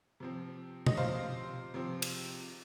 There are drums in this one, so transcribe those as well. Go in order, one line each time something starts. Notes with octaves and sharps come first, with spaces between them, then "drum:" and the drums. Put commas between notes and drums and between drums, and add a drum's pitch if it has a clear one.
C3 F3 C4
D#5, drum: tom B2
C3 F3 C4 C5 F5
C3 F3 C4
drum: cymbal